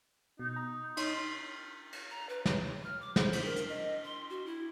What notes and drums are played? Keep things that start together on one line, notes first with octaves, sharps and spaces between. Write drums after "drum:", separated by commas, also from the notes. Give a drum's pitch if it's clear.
B2 D#4
A#5
D#4 C#5 C6, drum: cymbal
drum: cymbal
A#5
B4
C#5, drum: snare
F6
D6
C5, drum: snare
drum: cymbal
A#4
drum: hi-hat
D#5
C6
F#4
E4